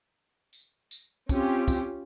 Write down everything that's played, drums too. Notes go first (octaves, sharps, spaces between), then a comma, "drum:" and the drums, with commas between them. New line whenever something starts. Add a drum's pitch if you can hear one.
drum: tambourine
drum: tambourine
C4 C#4 F4 G4, drum: kick, tambourine
drum: kick, tambourine